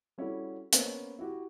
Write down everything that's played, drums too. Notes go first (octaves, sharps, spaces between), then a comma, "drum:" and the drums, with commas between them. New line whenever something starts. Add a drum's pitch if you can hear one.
G3 C#4 E4 F#4 A4
A#3 B3 C#4 B4 C5, drum: hi-hat
E4 F#4 G4